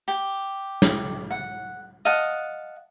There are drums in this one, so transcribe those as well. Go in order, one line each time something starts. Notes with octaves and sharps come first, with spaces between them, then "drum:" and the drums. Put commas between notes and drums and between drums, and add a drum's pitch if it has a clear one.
G4
drum: snare
F#5
D#5 F5 F#5 A5